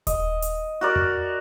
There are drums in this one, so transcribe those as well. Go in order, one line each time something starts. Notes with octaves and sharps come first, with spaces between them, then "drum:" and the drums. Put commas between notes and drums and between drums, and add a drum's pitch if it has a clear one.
D#5, drum: kick D#1, hi-hat
drum: hi-hat
F#4 A#4 D5
drum: tom E2